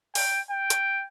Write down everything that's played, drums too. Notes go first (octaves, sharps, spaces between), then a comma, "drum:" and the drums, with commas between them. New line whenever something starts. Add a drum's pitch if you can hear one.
G5, drum: open hi-hat
G5
drum: hi-hat